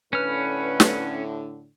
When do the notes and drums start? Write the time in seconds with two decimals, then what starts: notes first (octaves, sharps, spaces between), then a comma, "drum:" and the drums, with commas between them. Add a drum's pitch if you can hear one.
0.13 A2 D3 C#4 B4 F6
0.80 drum: snare